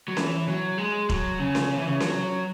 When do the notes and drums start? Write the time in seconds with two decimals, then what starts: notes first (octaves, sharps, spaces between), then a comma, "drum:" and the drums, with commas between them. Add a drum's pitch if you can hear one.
0.08 F#3
0.17 E3, drum: snare C#4
0.48 F#3
0.78 G#3
1.09 F#3, drum: kick E1
1.39 C#3
1.55 drum: snare C#4
1.70 C#3
1.78 E3
1.87 C#3
2.00 F#3, drum: snare C#4